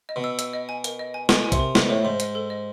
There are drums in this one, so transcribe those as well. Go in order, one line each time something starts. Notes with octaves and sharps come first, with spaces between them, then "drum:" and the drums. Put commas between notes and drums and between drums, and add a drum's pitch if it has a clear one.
D#5
B2
E6
E6, drum: hi-hat
D#5
G#5
A#4, drum: hi-hat
D#5
G#5
B2 G#5, drum: snare
G#5
C3, drum: kick, hi-hat
A#4
B2 C5, drum: snare
A2 C5
G#2 C5
D#5, drum: hi-hat
A4
D#5